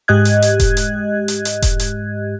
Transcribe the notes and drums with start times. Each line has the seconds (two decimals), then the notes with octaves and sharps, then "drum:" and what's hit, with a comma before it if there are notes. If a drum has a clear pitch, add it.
0.08 G#2 G#3 G4 D#5 F#6 G#6
0.25 drum: hi-hat
0.42 drum: hi-hat
0.60 drum: kick E1, hi-hat
0.77 drum: hi-hat
1.28 drum: hi-hat
1.45 drum: hi-hat
1.62 drum: kick E1, hi-hat
1.80 drum: hi-hat